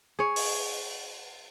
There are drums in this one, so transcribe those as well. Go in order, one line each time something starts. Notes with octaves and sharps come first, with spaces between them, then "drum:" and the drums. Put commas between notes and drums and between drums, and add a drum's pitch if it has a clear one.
G#4 C#5
drum: open hi-hat